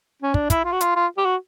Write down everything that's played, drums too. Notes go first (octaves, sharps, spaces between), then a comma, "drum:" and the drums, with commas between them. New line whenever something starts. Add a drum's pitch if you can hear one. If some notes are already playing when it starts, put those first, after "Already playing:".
C#4
D4, drum: kick
E4, drum: kick, hi-hat
F4
F#4
F4, drum: hi-hat
F4
G4
F#4